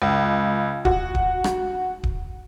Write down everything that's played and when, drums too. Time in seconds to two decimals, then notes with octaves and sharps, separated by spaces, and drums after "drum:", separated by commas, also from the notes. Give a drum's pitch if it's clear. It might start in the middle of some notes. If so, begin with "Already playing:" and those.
0.02 C#2
0.85 F#4, drum: kick D1
1.15 drum: kick D1
1.44 drum: rim click
2.03 drum: kick D1